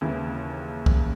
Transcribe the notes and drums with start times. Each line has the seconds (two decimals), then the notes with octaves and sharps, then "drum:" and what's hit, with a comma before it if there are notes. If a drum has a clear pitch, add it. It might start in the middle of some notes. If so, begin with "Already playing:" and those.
0.01 D#2 C#3 E3 E4
0.86 drum: kick